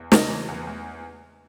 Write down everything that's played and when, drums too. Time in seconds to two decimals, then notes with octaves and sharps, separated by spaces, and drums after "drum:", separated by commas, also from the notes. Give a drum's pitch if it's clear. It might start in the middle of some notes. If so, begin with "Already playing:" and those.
Already playing: E2
0.12 C#3 D#5, drum: snare
0.30 E3
0.48 E2
0.67 E2